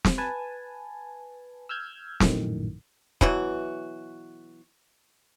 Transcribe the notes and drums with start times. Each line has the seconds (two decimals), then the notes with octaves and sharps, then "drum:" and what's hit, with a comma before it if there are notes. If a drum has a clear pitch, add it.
0.05 drum: snare
0.18 B4 G#5 A5
1.69 E6 F6 G6 G#6
2.20 A#1 F#2 A2 D#3, drum: snare
3.21 B2 E3 F#3 F#4, drum: kick